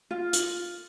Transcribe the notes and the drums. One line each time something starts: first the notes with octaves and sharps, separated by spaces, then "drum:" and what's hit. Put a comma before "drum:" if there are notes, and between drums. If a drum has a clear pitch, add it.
F4
drum: hi-hat